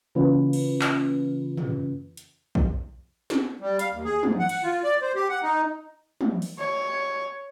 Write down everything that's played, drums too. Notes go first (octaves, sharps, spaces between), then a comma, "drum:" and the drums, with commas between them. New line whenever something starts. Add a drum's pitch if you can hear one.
C#3 E3 A#3 C#4 F4 B4
drum: cymbal
drum: clap
drum: tom
drum: hi-hat
drum: kick A#1
drum: snare
G3
F5, drum: hi-hat
D#2
G#4
G#2, drum: tom
F#5
drum: cymbal
F4
D5
C5
G4
F#5
D#4
drum: tom
drum: open hi-hat
C#5